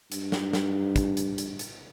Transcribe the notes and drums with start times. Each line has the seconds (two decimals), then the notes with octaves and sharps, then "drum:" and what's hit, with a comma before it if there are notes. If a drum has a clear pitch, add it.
0.12 G2, drum: hi-hat
0.32 drum: snare
0.53 drum: snare
0.96 drum: kick, hi-hat
1.17 drum: hi-hat
1.38 drum: hi-hat
1.59 drum: hi-hat